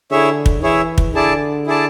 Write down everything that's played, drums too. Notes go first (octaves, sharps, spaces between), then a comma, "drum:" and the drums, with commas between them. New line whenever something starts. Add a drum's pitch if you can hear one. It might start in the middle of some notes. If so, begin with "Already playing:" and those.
D3 E4 G#4 C#5 E5
drum: kick
E3 E4 G#4 C#5 E5
drum: kick
D3 E4 G#4 D5 A5
E4 G#4 D5 A5